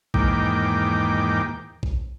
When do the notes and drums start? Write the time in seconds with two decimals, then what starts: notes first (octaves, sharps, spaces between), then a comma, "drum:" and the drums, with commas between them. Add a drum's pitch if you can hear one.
0.14 E2 G#2 D#3 A#3 G5 D6, drum: kick
1.83 drum: kick